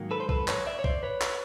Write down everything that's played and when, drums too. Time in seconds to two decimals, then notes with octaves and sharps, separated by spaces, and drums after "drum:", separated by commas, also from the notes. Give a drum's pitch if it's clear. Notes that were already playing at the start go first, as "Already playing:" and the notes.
Already playing: G#2 D#3 F#3 A#3
0.11 A4 B4
0.20 C5
0.29 A4 B4, drum: kick B1
0.48 B4 C#5, drum: clap
0.66 D5 E5
0.79 C#5
0.84 C5 D5, drum: kick B1
1.03 B4 C#5
1.21 drum: clap